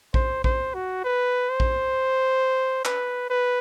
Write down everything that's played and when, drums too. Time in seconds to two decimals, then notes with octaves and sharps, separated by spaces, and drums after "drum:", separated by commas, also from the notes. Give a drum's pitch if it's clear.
0.14 C5, drum: kick A#1
0.44 C5, drum: kick A#1
0.74 F#4
1.04 B4
1.50 C5
1.60 drum: kick A#1
2.85 B4, drum: clap
3.30 B4